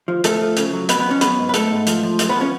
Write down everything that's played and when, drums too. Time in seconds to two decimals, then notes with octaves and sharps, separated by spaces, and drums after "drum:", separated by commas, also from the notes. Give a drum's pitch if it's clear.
0.08 F3
0.24 F3 A3 A4, drum: hi-hat
0.41 F3
0.57 C#3, drum: hi-hat
0.73 F#3
0.89 F2 B3 B4, drum: hi-hat
1.00 B3 B4
1.05 F2
1.11 C#4 C#5
1.21 F#3 B3 B4, drum: hi-hat
1.38 G#2
1.49 B4
1.54 G#2 A3 A4, drum: hi-hat
1.70 G#2
1.87 F3, drum: hi-hat
2.03 F3
2.19 F#2, drum: hi-hat
2.29 B3 B4
2.35 F3
2.41 C#4 C#5